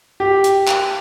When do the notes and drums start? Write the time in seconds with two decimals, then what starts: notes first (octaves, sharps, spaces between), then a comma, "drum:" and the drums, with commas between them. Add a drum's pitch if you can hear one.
0.20 G4
0.44 drum: hi-hat
0.68 drum: clap